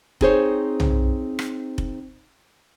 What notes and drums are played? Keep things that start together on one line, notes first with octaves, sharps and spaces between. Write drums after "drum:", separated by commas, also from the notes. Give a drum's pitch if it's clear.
C4 D#4 G#4 A#4 C5 C#5, drum: kick F1
drum: tom B1
drum: rim click
drum: kick F1